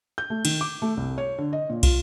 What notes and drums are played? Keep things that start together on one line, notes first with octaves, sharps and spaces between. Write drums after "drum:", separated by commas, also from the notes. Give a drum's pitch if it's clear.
G6
A3
D#3, drum: cymbal
D6
A3
C2
C#5
D3
D#5
A#2
F4, drum: kick, cymbal